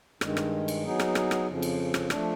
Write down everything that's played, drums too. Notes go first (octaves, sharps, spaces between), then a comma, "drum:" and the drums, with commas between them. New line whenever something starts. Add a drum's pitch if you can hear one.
G2 D#3 G#3, drum: rim click
drum: rim click
drum: cymbal
F#3 B3 D#4 G#4
drum: rim click
drum: rim click
drum: rim click
F2 C#3 F3
drum: cymbal
drum: rim click
F3 A3 D4, drum: rim click